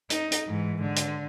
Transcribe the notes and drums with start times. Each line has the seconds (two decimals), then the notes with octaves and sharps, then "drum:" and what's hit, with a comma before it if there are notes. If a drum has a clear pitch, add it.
0.10 D#4, drum: hi-hat
0.32 drum: hi-hat
0.47 G#2 E3
0.81 D3
0.96 drum: hi-hat